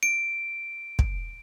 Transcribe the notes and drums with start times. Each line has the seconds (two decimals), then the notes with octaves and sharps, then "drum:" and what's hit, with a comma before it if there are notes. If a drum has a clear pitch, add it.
0.03 D7
0.99 drum: kick